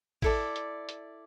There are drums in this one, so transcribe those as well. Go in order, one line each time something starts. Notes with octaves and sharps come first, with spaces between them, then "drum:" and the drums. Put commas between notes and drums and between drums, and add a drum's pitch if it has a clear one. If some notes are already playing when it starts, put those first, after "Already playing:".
E4 A4 D5, drum: kick, open hi-hat
drum: hi-hat
drum: hi-hat